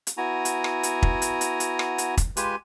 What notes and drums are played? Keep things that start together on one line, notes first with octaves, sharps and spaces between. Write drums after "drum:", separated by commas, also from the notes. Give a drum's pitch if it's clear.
drum: hi-hat
B3 E4 F#4 G#5 A#5
drum: hi-hat
drum: rim click
drum: hi-hat
drum: kick
drum: hi-hat
drum: hi-hat
drum: hi-hat
drum: rim click
drum: hi-hat
drum: kick, hi-hat
G#3 F4 G4 B4 G#5, drum: hi-hat